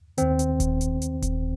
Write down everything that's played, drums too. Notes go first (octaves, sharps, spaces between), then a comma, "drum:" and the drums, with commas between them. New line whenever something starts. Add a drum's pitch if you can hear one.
D#2 D#3 C4, drum: hi-hat
drum: hi-hat
drum: kick D#1, hi-hat
drum: hi-hat
drum: hi-hat
drum: kick D#1, hi-hat